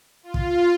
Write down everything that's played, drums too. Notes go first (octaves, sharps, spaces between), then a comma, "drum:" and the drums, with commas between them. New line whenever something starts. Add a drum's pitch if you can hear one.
F4
drum: kick